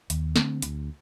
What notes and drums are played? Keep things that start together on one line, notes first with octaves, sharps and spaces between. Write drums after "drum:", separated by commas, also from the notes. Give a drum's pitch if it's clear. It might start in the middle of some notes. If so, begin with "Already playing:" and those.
D#2, drum: hi-hat
D3 A3 C4, drum: snare
D2, drum: hi-hat